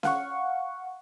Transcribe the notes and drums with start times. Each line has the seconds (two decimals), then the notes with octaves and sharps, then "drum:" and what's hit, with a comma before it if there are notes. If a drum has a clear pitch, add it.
0.03 F5 F#5 C#6, drum: snare C#4